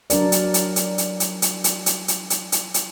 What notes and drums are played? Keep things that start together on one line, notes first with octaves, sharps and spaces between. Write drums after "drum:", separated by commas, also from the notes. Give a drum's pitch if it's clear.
F#3 D4 A#4 D5, drum: hi-hat
drum: hi-hat
drum: hi-hat
drum: hi-hat
drum: hi-hat
drum: hi-hat
drum: hi-hat
drum: hi-hat
drum: hi-hat
drum: hi-hat
drum: hi-hat
drum: hi-hat
drum: hi-hat